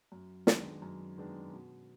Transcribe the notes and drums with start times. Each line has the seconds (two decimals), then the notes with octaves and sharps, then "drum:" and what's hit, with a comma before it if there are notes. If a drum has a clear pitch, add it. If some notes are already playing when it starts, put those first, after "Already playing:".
0.12 F#2
0.47 D#3 G#3 B3 D4, drum: snare
0.82 F#2
1.18 D#3 G#3 B3 D4
1.53 B2